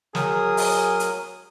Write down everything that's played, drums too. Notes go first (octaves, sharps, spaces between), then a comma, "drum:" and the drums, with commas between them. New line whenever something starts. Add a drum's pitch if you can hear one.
F#3 G#4 A#4 D#6, drum: snare
drum: open hi-hat
drum: hi-hat